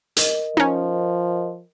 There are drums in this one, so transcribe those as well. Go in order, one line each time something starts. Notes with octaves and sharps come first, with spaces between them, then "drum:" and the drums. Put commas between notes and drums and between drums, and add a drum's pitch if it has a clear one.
A#4 D#5, drum: hi-hat
F3 C#4 D#4